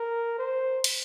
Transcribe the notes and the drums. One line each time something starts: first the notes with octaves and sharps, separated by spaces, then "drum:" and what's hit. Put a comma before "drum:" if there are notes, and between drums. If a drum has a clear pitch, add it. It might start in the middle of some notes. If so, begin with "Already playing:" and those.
Already playing: A#4
C5
drum: cymbal